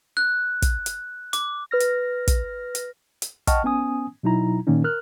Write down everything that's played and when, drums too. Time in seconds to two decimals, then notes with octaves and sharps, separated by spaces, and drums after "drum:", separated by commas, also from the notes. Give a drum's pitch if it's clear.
0.17 F#6
0.62 drum: kick, hi-hat
0.86 drum: hi-hat
1.33 D6, drum: hi-hat
1.71 B4 F6 A#6
1.80 drum: hi-hat
2.28 drum: kick, hi-hat
2.75 drum: hi-hat
3.22 drum: hi-hat
3.47 D#5 F#5 G5 A5 C#6 F6, drum: kick, hi-hat
3.64 B3 C#4 G#5 D#6
4.23 B2 F#3 D#4 E4 A#5
4.67 A#2 D#3 A#3 C#4 D#4
4.84 A#4 F6 F#6